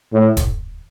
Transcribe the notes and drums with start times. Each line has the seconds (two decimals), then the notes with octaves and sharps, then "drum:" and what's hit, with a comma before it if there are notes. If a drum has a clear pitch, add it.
0.14 A2
0.37 drum: kick, hi-hat